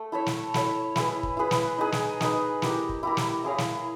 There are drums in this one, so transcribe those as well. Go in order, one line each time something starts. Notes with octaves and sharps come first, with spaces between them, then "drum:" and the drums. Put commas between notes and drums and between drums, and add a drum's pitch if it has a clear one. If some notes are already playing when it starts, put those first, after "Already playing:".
Already playing: A3
E4 A4 C#5 E5
drum: snare
E4 A4 C#5 E5, drum: snare
E4 G#4 B4, drum: snare
drum: kick
E4 G#4 B4
drum: snare
D#4 G#4 B4
drum: snare
D#4 G#4 B4, drum: snare
E4 G4 A#4, drum: snare
drum: kick
E4 G4 A#4
drum: snare
E4 G#4 C#5 F5
drum: snare